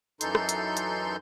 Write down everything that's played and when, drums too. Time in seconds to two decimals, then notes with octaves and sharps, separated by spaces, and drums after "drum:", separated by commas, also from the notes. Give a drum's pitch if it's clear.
0.21 F#2 E3 D#4 A4 C6 G6, drum: hi-hat
0.35 drum: rim click
0.49 drum: hi-hat
0.77 drum: hi-hat